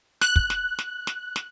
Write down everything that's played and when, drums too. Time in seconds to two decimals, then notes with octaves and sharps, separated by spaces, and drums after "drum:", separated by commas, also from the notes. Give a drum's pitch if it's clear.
0.21 F#6, drum: snare
0.36 drum: kick
0.50 drum: snare
0.79 drum: snare
1.07 drum: snare
1.36 drum: snare